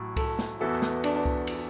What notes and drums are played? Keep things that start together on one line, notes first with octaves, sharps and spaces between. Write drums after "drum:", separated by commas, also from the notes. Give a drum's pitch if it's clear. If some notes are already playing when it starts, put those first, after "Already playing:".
Already playing: A1 A2 F#3
A4, drum: kick C2, cymbal
drum: snare
E2 E3 B3 E4 F#4 A4
drum: snare
D4, drum: cymbal
drum: kick C2
drum: cymbal